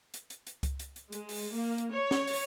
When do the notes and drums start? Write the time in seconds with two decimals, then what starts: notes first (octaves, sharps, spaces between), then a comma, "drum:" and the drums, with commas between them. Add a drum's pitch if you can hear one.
0.14 drum: hi-hat
0.30 drum: hi-hat
0.47 drum: hi-hat
0.63 drum: kick C#2, hi-hat
0.79 drum: hi-hat
0.96 drum: hi-hat
1.12 G#3, drum: hi-hat
1.29 drum: open hi-hat
1.54 A#3
1.78 drum: hi-hat
1.93 C#5
2.11 drum: snare C#4
2.27 drum: open hi-hat